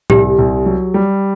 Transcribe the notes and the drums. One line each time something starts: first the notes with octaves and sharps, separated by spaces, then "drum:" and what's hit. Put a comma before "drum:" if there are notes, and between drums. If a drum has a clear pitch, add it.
C2 G4, drum: tom A2
C2
F#3
G3